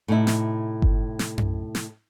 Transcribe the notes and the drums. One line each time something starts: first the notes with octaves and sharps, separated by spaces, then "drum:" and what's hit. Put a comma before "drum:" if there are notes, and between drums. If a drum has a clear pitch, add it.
A2 C3 D#4 E4
drum: snare
drum: kick G1
drum: snare
drum: tom F#2
drum: snare